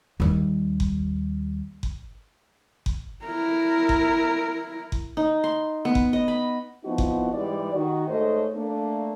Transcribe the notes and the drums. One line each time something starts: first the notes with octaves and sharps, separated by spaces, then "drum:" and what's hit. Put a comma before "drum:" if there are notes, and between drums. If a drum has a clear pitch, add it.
D#2 G3
drum: kick F#1
drum: kick F#1
drum: kick F#1
E4 A#4
drum: kick F#1
drum: kick F#1
D#4
C6
B3
drum: kick F#1
D#5
B5
F3 B3 C4 D#4 E4 F#4
drum: kick F#1
G#2 E3 G3 G#3 D5
D#3 F#4
G#2 A3 A4 C5 C#5 D#5
A3 A#3 D4